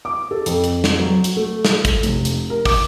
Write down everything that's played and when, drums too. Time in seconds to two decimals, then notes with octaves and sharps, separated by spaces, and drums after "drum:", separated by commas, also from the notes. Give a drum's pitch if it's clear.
0.05 D6
0.31 A4
0.46 F2, drum: hi-hat
0.64 drum: hi-hat
0.84 drum: snare
1.00 F#3
1.24 drum: hi-hat
1.37 A3
1.65 drum: snare
1.85 drum: kick, hi-hat
2.03 F1, drum: hi-hat
2.25 drum: hi-hat
2.50 A#4
2.65 D6, drum: kick, open hi-hat